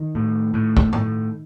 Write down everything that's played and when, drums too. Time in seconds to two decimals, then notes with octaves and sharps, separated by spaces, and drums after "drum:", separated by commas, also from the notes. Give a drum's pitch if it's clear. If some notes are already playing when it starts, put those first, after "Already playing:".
Already playing: D#3
0.15 A2
0.54 A2
0.77 drum: kick
0.93 A2, drum: tom G2